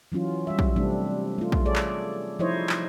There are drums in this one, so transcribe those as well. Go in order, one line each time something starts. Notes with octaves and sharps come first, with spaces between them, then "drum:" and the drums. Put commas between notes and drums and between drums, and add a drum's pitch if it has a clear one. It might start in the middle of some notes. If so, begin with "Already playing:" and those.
E3 F#3 C#4 F4
G3 E5
drum: kick
C3 G3 A3 C4 D4
A3 F4
drum: kick
G#4 A4 C#5 D5
drum: clap
F3 D#4 E4 C5 C#5 D#5
drum: clap